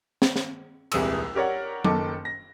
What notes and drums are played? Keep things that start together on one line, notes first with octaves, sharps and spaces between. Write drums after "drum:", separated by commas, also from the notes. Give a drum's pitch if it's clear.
drum: snare
drum: snare
D#1 C2 E3 G#3 D#6 E6, drum: cymbal
G4 A#4 C#5 D5 F#5
F#1 D#3 A4 D6, drum: tom F#3
A#6